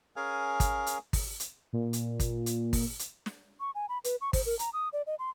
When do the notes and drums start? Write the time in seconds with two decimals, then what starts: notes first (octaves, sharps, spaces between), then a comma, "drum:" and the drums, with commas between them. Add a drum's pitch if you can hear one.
0.16 C#4 G#4 A#4 F5 G#5
0.60 drum: kick, hi-hat
0.87 drum: hi-hat
1.13 drum: kick, open hi-hat
1.40 drum: hi-hat
1.73 A#2
1.93 drum: hi-hat
2.20 drum: kick, hi-hat
2.46 drum: hi-hat
2.73 drum: kick, open hi-hat
2.99 drum: hi-hat
3.26 drum: snare
3.60 C#6
3.75 G#5
3.89 B5
4.04 B4, drum: hi-hat
4.21 C#6
4.33 C5, drum: kick, open hi-hat
4.46 A#4
4.59 A#5, drum: hi-hat
4.73 D#6
4.93 D5
5.07 D#5
5.19 C6